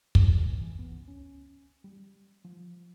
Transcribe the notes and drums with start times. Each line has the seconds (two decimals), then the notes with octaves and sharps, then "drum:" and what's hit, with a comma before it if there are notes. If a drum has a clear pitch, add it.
0.15 drum: kick
0.26 C#2
0.40 E3
0.59 E3
0.79 B3
0.91 C#2
1.08 C#4
1.84 G3
2.45 F3